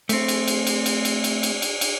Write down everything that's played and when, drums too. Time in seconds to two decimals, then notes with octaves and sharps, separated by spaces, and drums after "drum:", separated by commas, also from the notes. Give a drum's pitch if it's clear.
0.09 A3 C4, drum: cymbal
0.28 drum: cymbal
0.48 drum: cymbal
0.67 drum: cymbal
0.86 drum: cymbal
1.05 drum: cymbal
1.24 drum: cymbal
1.43 drum: cymbal
1.62 drum: cymbal
1.81 drum: cymbal